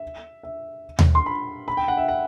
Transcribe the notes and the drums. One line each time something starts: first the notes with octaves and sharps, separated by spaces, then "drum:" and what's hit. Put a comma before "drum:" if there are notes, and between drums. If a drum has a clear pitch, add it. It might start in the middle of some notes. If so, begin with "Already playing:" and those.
Already playing: E5
E5
drum: tom D#2
C6
B5
B5
G5
F#5
E5
F#5